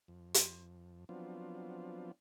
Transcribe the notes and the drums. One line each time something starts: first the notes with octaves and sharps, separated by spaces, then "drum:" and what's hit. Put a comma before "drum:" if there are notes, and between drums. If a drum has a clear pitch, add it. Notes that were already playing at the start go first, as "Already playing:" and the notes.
F2
drum: hi-hat
F3 F#3 B3 C4 D4 F4